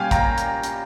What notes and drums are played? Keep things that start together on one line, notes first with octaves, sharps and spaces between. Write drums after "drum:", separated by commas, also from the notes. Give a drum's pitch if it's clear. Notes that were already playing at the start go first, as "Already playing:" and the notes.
Already playing: A#2 G3 C#4 F5 G5 G#5
G5 A#5, drum: kick, hi-hat
drum: hi-hat
drum: hi-hat